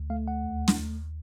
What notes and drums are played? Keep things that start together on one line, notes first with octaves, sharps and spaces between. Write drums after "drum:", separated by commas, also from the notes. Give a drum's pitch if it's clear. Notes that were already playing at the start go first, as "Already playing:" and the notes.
Already playing: D2
A3 F5
F#5
D#2
drum: snare
D#2